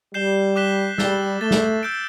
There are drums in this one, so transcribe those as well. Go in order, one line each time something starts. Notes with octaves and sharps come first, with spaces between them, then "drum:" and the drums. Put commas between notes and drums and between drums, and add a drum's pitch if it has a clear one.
G3 G6 C7 E7 G7
D6 F#6 B6 E7 G7
G3 E6 A6 E7 G7, drum: snare
A3 A6 E7 G7
drum: snare
E6 G6 D7